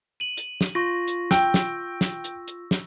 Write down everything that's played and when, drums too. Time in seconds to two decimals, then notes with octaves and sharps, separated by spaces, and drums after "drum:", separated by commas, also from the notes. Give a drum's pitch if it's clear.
0.20 D#7 F#7
0.37 drum: hi-hat
0.61 drum: snare
0.75 F4 C#6 A#6
1.07 drum: hi-hat
1.31 G5 E6, drum: snare
1.54 drum: snare
2.01 drum: snare
2.24 drum: hi-hat
2.48 drum: hi-hat
2.71 drum: snare